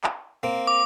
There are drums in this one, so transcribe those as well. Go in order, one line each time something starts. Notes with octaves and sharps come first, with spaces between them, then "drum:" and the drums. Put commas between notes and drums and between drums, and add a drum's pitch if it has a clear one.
drum: clap
A#3 C4
D6